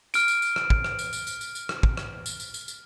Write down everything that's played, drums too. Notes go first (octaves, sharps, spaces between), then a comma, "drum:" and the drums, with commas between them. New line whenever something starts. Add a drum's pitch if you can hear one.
F6 D7, drum: tambourine
drum: tambourine
drum: tambourine
drum: rim click
drum: kick
drum: rim click
drum: tambourine
drum: tambourine
drum: tambourine
drum: tambourine
drum: tambourine
drum: rim click
drum: kick
drum: rim click
drum: tambourine
drum: tambourine
drum: tambourine
drum: tambourine